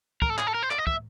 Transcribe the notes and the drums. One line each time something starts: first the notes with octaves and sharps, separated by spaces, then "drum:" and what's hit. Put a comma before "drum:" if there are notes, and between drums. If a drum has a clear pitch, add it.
A#4, drum: kick
A4
G#4, drum: clap
A4
A#4
C5
D5, drum: clap
D#5
E5, drum: kick